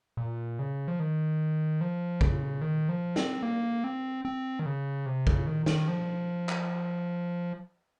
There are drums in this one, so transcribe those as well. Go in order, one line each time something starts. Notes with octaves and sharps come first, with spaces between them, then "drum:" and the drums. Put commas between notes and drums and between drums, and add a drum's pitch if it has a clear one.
A#2
C#3
F3
D#3
F3
C#3, drum: kick A#1
D#3
F3
C4, drum: snare
A#3
C4
C4
D#3
C#3
C3
C#3, drum: kick A#1
D#3
D#3, drum: snare
F3
drum: clap